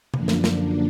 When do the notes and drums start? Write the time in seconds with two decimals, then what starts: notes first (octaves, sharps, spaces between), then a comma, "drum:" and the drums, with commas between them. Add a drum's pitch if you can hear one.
0.14 F#2 D3 F3 A#3 D4, drum: tom C3
0.28 drum: snare
0.44 drum: snare